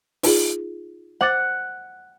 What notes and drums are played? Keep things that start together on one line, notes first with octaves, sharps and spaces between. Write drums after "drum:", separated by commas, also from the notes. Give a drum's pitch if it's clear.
D#4 F4 G#4, drum: open hi-hat
C5 F#5 D6 A6